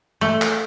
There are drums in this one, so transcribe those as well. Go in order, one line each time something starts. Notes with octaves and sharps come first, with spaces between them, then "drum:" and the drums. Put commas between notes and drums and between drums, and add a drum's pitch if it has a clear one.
A3
drum: clap